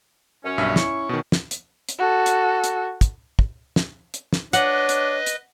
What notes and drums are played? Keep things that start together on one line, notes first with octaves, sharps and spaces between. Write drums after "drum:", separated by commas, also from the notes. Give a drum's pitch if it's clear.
F#2 C#4
B1 G2 E5
C#4 E4 C#6, drum: snare
B2 D#3
drum: snare
drum: hi-hat
drum: hi-hat
F#4 A4
drum: hi-hat
drum: hi-hat
drum: kick, hi-hat
drum: kick
drum: snare
drum: hi-hat
drum: snare
D4 B4 C#5 D#5 F#5, drum: hi-hat
drum: hi-hat
drum: hi-hat